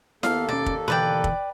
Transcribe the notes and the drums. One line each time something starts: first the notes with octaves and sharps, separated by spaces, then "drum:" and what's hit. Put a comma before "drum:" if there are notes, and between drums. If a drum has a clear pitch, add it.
D#2 A#3 B3 A4 F5, drum: snare E4
B2 C#4 D5
drum: kick
B2 D3 E3 B4 D5 G5
drum: kick